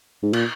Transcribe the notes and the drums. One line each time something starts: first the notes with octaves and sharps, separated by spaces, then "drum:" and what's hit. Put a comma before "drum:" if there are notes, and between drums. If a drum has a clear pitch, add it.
G#2
A#2, drum: cymbal